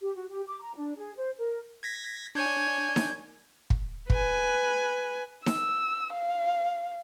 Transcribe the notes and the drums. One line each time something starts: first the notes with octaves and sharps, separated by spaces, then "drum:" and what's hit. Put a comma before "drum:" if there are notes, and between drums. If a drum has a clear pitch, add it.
G4
F#4
G4
D6
A#5
D4
G#4
C5
A#4
G#6 A#6 B6
D4 C#5 G#5 G6 G#6
drum: snare D#4
drum: kick
B4 G#5, drum: kick
E6, drum: snare D#4
F5